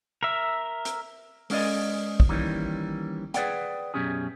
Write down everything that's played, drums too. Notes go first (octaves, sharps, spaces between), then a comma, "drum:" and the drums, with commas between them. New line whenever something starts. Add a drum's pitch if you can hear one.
A#4 E5
drum: hi-hat
G#3 C#4 D5 D#5, drum: open hi-hat
drum: kick
D#3 E3 G3 A#3 C#4
G#4 B4 C#5 D5 F#5 G5, drum: hi-hat
F#2 B2 C#4 G4 G#4